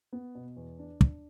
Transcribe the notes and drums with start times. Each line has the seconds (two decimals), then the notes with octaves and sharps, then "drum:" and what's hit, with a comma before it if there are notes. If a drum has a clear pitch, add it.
0.13 B3
0.35 B2
0.57 E2
0.79 D4
1.01 D4, drum: kick